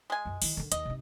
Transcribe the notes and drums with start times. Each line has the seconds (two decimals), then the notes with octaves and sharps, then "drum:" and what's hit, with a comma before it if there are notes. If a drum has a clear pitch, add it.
0.10 G#3 G#5
0.25 F#2 F4
0.42 D#3 E4, drum: open hi-hat
0.57 D3 D#3
0.72 D#2 D#5, drum: hi-hat
0.85 C3 D#4